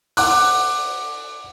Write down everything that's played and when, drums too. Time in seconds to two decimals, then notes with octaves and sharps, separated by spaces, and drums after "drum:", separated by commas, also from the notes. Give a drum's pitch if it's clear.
0.17 F#5 D6 F#6, drum: open hi-hat